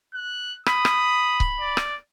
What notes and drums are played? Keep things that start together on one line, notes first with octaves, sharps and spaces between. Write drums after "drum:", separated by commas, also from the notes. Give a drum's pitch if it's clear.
F#6
B5 D#6, drum: rim click
drum: rim click
drum: kick C#1
D5
drum: rim click